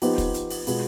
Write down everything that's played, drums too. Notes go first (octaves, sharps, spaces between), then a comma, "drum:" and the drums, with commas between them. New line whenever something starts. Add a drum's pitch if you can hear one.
F3 B3 D#4 G4 B4, drum: open hi-hat
drum: kick, hi-hat
drum: hi-hat
drum: open hi-hat
B2 G#3 B3 F4, drum: open hi-hat